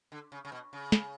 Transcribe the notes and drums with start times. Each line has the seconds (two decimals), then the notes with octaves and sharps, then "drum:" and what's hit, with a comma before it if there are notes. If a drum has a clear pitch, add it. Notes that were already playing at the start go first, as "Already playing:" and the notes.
0.12 D3
0.32 C#3
0.45 C#3
0.52 B2
0.73 C#3
0.92 drum: snare